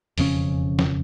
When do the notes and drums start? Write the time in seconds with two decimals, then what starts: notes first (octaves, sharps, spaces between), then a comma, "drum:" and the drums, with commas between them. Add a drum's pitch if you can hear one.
0.18 E1 F2 C#3 C#4, drum: open hi-hat
0.79 drum: snare